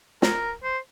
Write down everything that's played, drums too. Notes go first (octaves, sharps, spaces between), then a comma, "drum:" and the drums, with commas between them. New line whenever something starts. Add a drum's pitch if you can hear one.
A#4, drum: snare
C5